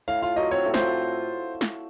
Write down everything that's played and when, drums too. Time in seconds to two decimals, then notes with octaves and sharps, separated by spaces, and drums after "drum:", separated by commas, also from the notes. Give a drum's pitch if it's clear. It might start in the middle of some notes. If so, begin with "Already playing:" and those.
0.08 A2 F5
0.22 F4 F5
0.36 F#3 D#5
0.51 C4 C#5
0.66 A2
0.74 C5, drum: snare
0.80 F4
1.61 drum: snare